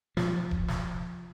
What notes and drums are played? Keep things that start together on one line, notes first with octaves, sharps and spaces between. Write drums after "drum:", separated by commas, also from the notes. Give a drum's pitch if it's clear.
F3, drum: snare
drum: kick D#1
drum: snare